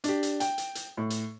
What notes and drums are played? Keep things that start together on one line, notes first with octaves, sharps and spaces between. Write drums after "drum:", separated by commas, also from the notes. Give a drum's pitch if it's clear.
D4 G4, drum: hi-hat
drum: hi-hat
G5, drum: hi-hat
drum: hi-hat
drum: hi-hat
A2
drum: hi-hat